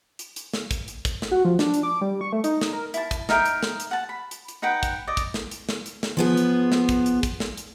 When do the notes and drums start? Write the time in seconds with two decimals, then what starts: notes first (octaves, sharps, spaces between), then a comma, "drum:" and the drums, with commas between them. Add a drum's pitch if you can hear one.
0.19 drum: hi-hat
0.36 drum: hi-hat
0.53 drum: snare
0.71 drum: kick, hi-hat
0.88 drum: hi-hat
1.05 drum: kick, hi-hat
1.22 drum: snare
1.31 F#4
1.45 F3
1.59 D4, drum: snare
1.74 drum: hi-hat
1.83 D6
2.01 G3
2.21 C#6
2.33 A3
2.44 D#4, drum: hi-hat
2.61 D#4, drum: snare
2.73 A#4
2.94 E4 A5, drum: hi-hat
3.11 drum: kick, hi-hat
3.29 D#4 A#4 E5 G5, drum: snare
3.45 drum: hi-hat
3.63 drum: snare
3.80 drum: hi-hat
3.91 F#5 A5
4.09 B5
4.31 drum: hi-hat
4.48 drum: hi-hat
4.62 D#4 B4 F#5 G5
4.83 drum: kick, hi-hat
5.07 D5 D#5
5.17 drum: kick, hi-hat
5.34 drum: snare
5.51 drum: hi-hat
5.69 drum: snare
5.86 drum: hi-hat
6.03 drum: snare
6.17 F3 B3 G#4
6.37 drum: hi-hat
6.72 drum: snare
6.89 drum: kick, hi-hat
7.06 drum: hi-hat
7.23 drum: kick, hi-hat
7.40 drum: snare
7.57 drum: hi-hat